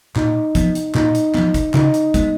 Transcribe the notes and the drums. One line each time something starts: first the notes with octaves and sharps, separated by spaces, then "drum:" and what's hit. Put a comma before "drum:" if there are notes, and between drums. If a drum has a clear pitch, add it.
A#2 D#4, drum: clap
F3 B3, drum: kick, hi-hat
drum: hi-hat
A#2 D#4, drum: clap
drum: hi-hat
F3 B3, drum: clap
drum: kick, hi-hat
C#3 D#4, drum: clap
drum: hi-hat
G#3 B3, drum: kick, hi-hat